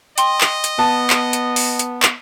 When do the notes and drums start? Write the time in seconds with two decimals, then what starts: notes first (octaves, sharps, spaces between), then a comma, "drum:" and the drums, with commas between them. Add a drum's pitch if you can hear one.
0.18 D#5 G5 C6, drum: hi-hat
0.41 drum: clap
0.64 drum: hi-hat
0.79 B3 A5
1.10 drum: clap
1.33 drum: hi-hat
1.56 drum: open hi-hat
1.79 drum: hi-hat
2.02 drum: clap